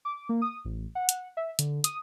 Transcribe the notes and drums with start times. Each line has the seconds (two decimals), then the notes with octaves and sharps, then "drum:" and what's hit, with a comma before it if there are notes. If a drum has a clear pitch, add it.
0.05 D6
0.29 A#3
0.42 D#6
0.65 A1
0.95 F#5
1.09 drum: hi-hat
1.37 E5
1.59 D3, drum: hi-hat
1.84 D#6, drum: hi-hat